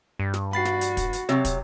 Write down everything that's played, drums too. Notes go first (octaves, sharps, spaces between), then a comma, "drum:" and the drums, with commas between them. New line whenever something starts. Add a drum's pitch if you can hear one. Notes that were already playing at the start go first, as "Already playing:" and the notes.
G2
drum: snare
F#4 B5 A6 C7
drum: snare
drum: hi-hat
drum: kick, hi-hat
drum: hi-hat
C3 F#3 C#5, drum: snare
drum: kick, hi-hat